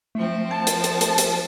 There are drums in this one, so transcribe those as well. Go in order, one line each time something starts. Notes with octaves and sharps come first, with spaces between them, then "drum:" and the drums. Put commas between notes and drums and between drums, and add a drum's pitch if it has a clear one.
F3 A3 C4
A5
drum: hi-hat
drum: hi-hat
drum: hi-hat
drum: hi-hat